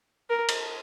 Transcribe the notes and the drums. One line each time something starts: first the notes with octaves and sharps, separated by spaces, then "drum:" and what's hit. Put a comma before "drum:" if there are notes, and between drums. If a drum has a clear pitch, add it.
A#4
drum: cymbal